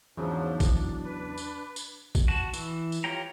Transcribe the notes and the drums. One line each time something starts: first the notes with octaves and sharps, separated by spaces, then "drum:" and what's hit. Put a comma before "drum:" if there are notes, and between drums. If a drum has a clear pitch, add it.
E2 G#2 C#3 F3 F#3 D4
drum: kick A1, tambourine
B4
drum: tambourine
drum: tambourine
drum: kick A1, tambourine
F#4 A5
E3, drum: tambourine
drum: tambourine
F4 G4 C#5 G5 A#5